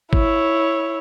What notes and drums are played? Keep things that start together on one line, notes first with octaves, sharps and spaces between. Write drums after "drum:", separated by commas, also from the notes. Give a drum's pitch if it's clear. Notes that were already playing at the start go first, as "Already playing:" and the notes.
E4 C#5, drum: kick G#1